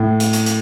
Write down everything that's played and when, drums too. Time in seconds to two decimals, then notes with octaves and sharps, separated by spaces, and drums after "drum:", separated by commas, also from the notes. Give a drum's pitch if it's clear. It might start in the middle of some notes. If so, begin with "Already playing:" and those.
Already playing: A2
0.20 drum: hi-hat
0.33 drum: hi-hat
0.46 drum: hi-hat